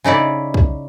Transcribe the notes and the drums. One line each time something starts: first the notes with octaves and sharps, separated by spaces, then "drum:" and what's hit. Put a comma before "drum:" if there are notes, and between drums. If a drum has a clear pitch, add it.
C#3 D#4 E4 D5
drum: kick